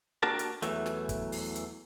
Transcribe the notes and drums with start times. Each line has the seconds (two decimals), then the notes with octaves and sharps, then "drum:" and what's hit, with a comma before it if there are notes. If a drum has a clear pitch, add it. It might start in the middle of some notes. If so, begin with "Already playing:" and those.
0.23 A#3 D4 F#4 G4 A#4 A5
0.39 drum: hi-hat
0.62 E2 E3 F#3 A3, drum: hi-hat
0.86 drum: snare
1.09 drum: kick, hi-hat
1.32 drum: open hi-hat
1.56 drum: hi-hat